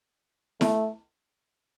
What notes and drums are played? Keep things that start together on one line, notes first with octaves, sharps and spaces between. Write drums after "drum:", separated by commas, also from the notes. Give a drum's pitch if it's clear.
A3, drum: snare E4